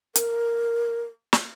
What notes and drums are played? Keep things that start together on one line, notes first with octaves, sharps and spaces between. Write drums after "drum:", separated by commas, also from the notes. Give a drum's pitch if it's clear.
A#4, drum: hi-hat
drum: snare